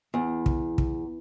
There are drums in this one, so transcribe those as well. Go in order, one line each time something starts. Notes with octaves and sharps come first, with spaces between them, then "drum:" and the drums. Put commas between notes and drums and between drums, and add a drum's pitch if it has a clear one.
E2
drum: kick
drum: kick